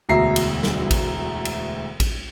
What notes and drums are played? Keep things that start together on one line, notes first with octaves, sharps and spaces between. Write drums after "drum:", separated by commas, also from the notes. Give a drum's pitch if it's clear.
E1 D2 B2 E5 A#5 C7
drum: cymbal
drum: snare
drum: kick A1, cymbal
drum: cymbal
drum: kick A1, cymbal